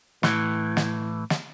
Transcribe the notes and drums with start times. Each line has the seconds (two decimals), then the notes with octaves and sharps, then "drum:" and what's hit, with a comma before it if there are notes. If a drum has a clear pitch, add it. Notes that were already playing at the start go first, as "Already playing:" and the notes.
0.23 A2 E3, drum: snare
0.77 drum: snare
1.30 drum: snare